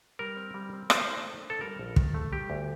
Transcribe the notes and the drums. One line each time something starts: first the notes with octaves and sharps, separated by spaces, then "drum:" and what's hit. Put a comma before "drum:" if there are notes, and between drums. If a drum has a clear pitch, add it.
G3 A#4
C4
G3
C4
A#3 C5, drum: rim click
D#4
A3
D4
A4
G3 A#4
A#1
D#3, drum: kick
A3
G3 G4
D2